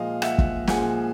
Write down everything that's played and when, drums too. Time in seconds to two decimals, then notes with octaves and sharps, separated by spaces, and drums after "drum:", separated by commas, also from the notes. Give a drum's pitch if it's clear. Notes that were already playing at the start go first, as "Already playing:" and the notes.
Already playing: A#2 F3 G#3 D#5 F5
0.22 E5 F#5, drum: rim click
0.38 drum: kick
0.67 A#2 F3 G#3 F#5 G#5, drum: snare